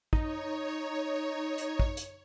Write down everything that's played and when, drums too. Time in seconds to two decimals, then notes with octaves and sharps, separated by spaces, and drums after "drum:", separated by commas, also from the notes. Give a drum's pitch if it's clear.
0.13 D#4 C#5, drum: kick
1.58 drum: hi-hat
1.79 drum: kick
1.97 drum: hi-hat